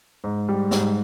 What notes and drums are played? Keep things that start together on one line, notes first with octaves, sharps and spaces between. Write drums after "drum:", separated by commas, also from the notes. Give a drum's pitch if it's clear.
G#2
G3
G#2, drum: snare